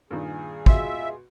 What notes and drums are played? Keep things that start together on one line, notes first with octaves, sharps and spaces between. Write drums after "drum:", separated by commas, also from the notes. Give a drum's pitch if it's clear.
G2 A#2 D#3 G#4
B2 G#3 E4 F4 E5 C6, drum: kick